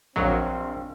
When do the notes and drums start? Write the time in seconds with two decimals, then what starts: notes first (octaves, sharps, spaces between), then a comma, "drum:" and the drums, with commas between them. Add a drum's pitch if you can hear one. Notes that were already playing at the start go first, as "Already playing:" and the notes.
0.16 A#1 F#3 C4 A#4 C5 D#5 F5, drum: kick A1